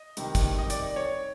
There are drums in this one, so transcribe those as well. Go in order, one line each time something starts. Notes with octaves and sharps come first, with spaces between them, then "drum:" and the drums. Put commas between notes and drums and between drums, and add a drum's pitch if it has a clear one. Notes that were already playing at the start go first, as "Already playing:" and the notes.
Already playing: D#5
C3 D#3 G3, drum: hi-hat
drum: kick, hi-hat
D#5
D5, drum: hi-hat
C#5